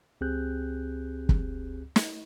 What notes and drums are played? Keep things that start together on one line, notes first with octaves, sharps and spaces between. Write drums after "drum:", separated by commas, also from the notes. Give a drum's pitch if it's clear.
C#2 C4 G4 G#4 F#6 G6
drum: kick
drum: snare